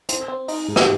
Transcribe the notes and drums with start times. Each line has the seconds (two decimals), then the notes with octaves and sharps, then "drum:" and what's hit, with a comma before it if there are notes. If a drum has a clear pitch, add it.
0.09 C4, drum: hi-hat
0.28 C4
0.48 D#4, drum: open hi-hat
0.69 G#2
0.76 G4, drum: rim click